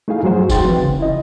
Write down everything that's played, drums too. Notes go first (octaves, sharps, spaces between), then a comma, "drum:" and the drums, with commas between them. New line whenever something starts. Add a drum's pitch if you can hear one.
A3 D#4 E4 G#4 F5
G2 F#3 F#4 G#4 C5
D#2 D#4 F#4 G5 C6 A6, drum: kick F1, tambourine
C4 B4, drum: tom E3
C#3
E4 D#5